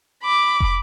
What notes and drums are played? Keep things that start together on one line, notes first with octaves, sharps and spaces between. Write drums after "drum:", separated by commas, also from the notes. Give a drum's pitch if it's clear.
B5 D6
drum: kick